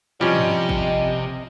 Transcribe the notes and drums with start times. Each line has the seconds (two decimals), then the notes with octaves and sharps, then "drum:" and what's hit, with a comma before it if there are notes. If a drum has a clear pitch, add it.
0.21 C3 F3 G3 C#4 D#5
0.35 drum: tom G2
0.69 drum: kick